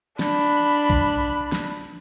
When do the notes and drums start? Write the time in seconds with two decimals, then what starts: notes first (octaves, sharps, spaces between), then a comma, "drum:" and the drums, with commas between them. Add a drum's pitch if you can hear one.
0.19 D4 B5, drum: snare
0.90 drum: kick
1.52 drum: snare